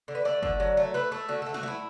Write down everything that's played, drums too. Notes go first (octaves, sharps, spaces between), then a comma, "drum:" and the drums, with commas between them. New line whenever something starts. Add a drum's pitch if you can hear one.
D3
B4
A3 D5
D3, drum: kick
F#3
A3
A3 B4
A3 A4
D3 F#4
A3 A4
F#4, drum: snare
A3 E4